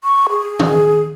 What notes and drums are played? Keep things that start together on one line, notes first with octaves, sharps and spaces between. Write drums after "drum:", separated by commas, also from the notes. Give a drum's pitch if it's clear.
C#6
G#4
drum: tom